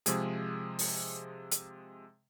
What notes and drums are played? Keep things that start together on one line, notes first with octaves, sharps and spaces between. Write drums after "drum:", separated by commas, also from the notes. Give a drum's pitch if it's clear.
C3 F3 G#3 G#4, drum: hi-hat
drum: open hi-hat
drum: hi-hat